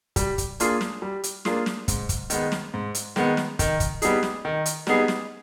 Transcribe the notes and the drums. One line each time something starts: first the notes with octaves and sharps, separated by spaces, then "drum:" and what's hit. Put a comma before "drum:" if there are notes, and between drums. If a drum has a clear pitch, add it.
G3, drum: kick, hi-hat
drum: kick, hi-hat
A#3 D4 F4 G#4, drum: hi-hat
drum: snare
G3
drum: hi-hat
A#3 D4 F4 G#4, drum: snare
drum: snare
G#2, drum: kick, hi-hat
drum: kick, hi-hat
D#3 G#3 B3, drum: hi-hat
drum: snare
G#2
drum: hi-hat
D#3 G#3 B3, drum: snare
drum: snare
D#3, drum: kick, hi-hat
drum: kick, hi-hat
G3 B3 D#4 G#4, drum: hi-hat
drum: snare
D#3
drum: hi-hat
G3 B3 D#4 G#4, drum: snare
drum: snare